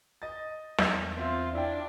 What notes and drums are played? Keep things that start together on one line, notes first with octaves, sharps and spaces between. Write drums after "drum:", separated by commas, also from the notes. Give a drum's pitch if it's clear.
D#5 A6
E2, drum: snare
C4 F4 E5
D4 E4 G5